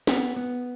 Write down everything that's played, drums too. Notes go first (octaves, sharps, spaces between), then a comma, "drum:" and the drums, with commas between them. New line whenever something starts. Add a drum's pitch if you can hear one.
B3, drum: snare
B3